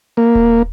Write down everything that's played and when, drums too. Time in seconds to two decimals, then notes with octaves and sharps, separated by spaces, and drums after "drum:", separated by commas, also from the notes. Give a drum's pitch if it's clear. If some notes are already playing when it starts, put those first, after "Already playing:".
0.17 A#3
0.35 drum: kick D#1